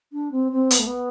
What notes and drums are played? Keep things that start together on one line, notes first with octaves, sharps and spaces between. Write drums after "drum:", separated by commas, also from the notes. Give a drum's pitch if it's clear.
D4
C4
C4
B3, drum: hi-hat
A3
B3